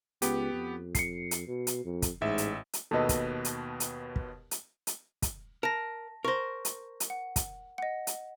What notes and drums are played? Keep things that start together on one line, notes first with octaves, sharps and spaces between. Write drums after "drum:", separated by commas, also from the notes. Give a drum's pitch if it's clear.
C#2 B3 G4, drum: hi-hat
F2
C7 C#7, drum: kick, hi-hat
drum: hi-hat
B2
drum: hi-hat
F2
drum: kick, hi-hat
A1 G#2 E5
drum: hi-hat
drum: hi-hat
D#2 B2 A4 B4 D#5
drum: kick, hi-hat
drum: hi-hat
drum: hi-hat
drum: kick
drum: hi-hat
drum: hi-hat
drum: kick, hi-hat
A#4 A5 A#6
A#4 C5 C#6 A#6
drum: hi-hat
drum: hi-hat
F#5
drum: kick, hi-hat
D#5 F#5
drum: hi-hat